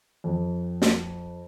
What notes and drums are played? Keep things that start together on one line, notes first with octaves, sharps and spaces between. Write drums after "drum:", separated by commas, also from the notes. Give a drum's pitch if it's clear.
F2
drum: snare